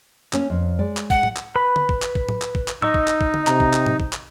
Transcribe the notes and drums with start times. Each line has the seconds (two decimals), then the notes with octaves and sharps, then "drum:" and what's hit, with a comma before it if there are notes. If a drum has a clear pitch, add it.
0.33 A#3 C#4, drum: clap
0.50 F2
0.79 G#3 D5
0.97 drum: clap
1.10 F#5, drum: kick
1.23 drum: tom A2
1.36 drum: clap
1.56 B4 B5
1.76 drum: tom D3
1.89 drum: kick
2.02 drum: clap
2.15 drum: kick
2.29 drum: tom A2
2.42 drum: clap
2.55 drum: kick
2.68 drum: clap
2.82 D#4 D#5 C#6 E6, drum: tom A2
2.94 drum: kick
3.07 drum: clap
3.21 drum: kick
3.34 drum: tom D3
3.47 C3 A#5, drum: clap
3.60 drum: kick
3.73 drum: clap
3.86 drum: tom A2
4.00 drum: kick
4.13 drum: clap